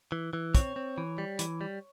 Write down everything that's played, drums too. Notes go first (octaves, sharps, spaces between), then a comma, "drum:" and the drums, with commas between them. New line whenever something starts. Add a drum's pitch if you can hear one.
E3
E3
C4 C#5, drum: kick, hi-hat
C4
E3
G3
E3, drum: hi-hat
G3